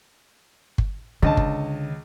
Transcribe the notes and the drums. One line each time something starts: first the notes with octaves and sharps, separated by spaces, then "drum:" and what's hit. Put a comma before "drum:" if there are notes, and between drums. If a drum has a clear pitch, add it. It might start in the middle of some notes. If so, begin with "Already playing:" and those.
drum: kick G1
C#2 D3 D#5 A5
drum: kick G1